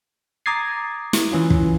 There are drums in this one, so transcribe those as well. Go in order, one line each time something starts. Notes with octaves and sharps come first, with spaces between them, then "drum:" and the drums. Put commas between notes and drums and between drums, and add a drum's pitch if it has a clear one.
A#5 D6 D#6 G#6 A6 C7
drum: snare
E3 C#4 F4
drum: kick